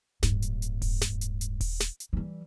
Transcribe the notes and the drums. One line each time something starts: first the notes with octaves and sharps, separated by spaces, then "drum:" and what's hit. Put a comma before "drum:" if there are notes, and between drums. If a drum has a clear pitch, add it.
D1 G2, drum: snare
drum: hi-hat
drum: hi-hat
drum: kick D#1, open hi-hat
drum: snare
drum: hi-hat
drum: hi-hat
drum: kick D#1, open hi-hat
drum: snare
drum: hi-hat
E3 G3